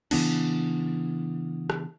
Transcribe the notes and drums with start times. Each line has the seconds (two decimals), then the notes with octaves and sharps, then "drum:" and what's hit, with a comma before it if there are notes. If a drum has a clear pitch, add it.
0.11 C#3 E3 B3 D4, drum: cymbal
1.70 drum: rim click